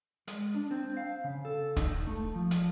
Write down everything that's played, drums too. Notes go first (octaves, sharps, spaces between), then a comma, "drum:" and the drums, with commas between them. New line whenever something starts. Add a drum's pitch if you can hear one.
G#3, drum: hi-hat
D4
C4
F5
C#3
A4
D#4, drum: kick, hi-hat
A3
F3
drum: hi-hat